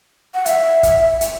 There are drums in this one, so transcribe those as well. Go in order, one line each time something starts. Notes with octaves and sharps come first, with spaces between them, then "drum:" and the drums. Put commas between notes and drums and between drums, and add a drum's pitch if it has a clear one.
F#5
E5, drum: hi-hat
drum: kick, hi-hat
drum: hi-hat